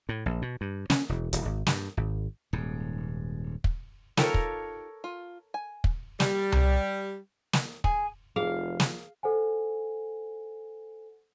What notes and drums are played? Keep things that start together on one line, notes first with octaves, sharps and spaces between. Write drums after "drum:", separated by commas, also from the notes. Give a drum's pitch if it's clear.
A2
A#1
B2
G2
C#4, drum: snare
E1
D1, drum: hi-hat
G#1
G2, drum: snare
G#1
D#1 G#2
drum: kick
D#4 F4 G4 A4 A#4 C#5, drum: snare
drum: kick
F4
G#5
drum: kick
G3, drum: snare
drum: tom C2
drum: snare
G#4, drum: kick
F1 F3 G#4 F5
drum: snare
A4 C5 F#5 G#5